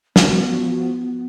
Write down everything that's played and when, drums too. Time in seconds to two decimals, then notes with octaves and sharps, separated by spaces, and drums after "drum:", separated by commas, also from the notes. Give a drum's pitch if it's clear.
0.16 F3 B3 F#4, drum: snare